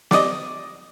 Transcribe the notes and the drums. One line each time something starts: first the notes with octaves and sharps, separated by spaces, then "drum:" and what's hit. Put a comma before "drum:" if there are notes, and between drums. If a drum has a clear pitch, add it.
D5 D#5, drum: snare